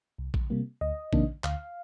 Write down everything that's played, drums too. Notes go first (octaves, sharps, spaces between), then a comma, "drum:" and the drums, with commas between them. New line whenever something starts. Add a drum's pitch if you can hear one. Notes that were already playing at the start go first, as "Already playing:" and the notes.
C2
drum: kick A#1
C3 G3 A#3
D2 D#5
C3 D#3 A#3 D4, drum: kick A#1
D2 F5, drum: clap